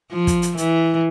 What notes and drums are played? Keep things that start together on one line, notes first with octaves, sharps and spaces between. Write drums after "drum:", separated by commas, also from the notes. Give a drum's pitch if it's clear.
F3
drum: kick, hi-hat
drum: hi-hat
E3, drum: hi-hat